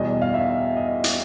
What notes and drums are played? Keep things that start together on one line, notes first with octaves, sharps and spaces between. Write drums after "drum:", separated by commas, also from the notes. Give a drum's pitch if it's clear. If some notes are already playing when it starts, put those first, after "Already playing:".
Already playing: E2 B2 G3 D#5
F5
E5
D#5
drum: hi-hat